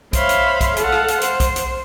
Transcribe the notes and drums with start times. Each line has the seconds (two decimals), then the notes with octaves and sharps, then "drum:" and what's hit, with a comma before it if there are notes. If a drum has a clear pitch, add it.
0.13 C5 C#5 E5 F5 B5 C6, drum: kick B1, hi-hat
0.29 drum: hi-hat
0.61 drum: kick B1, hi-hat
0.77 A4 F5 F#5, drum: hi-hat
0.92 drum: rim click
1.08 drum: hi-hat
1.21 C5, drum: hi-hat
1.40 drum: kick B1, hi-hat
1.56 drum: hi-hat